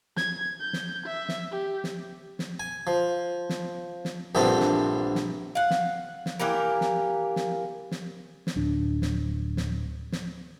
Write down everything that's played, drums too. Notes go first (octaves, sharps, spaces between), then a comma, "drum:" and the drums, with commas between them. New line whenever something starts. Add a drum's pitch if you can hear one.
G#6, drum: snare
G6
drum: snare
E5
drum: snare
G4
drum: snare
drum: snare
G#5
F3
drum: snare
drum: snare
A#1 G2 E3 B3 C4 A4
drum: snare
drum: snare
F5 F#5
drum: snare
drum: snare
E3 A#3 G4 A#4
drum: snare
drum: snare
drum: snare
drum: snare
D1 D4
drum: snare
drum: snare
drum: snare